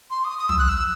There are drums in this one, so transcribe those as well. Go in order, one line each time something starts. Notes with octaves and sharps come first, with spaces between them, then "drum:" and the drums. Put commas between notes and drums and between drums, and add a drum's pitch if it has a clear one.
C6
D#6
D#6
E6, drum: tom
F#6
E6